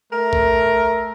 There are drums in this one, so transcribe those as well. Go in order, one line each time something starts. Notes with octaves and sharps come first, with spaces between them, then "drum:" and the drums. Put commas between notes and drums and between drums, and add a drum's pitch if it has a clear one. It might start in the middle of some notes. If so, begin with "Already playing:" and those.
A3 A#4
drum: kick A#1